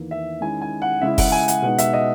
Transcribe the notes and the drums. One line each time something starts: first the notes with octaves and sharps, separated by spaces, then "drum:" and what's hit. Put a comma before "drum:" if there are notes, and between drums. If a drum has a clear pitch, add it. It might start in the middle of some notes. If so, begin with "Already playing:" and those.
Already playing: E2 D#3 A#3
E5
D#3 G#3 C#4 E4 G#5
G#5
F#5
C#3 G#3 C#4 E4 E5
F#5, drum: kick F1, open hi-hat
G#5
F#5, drum: hi-hat
B2 G#3 B3 D#4 F#5
E5, drum: hi-hat
D#5